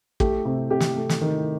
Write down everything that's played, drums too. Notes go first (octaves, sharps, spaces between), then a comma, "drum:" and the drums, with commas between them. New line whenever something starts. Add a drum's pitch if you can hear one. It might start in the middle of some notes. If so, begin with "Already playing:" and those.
A3 G4, drum: kick
C3
C3 G4
drum: snare
A3
drum: snare
D#3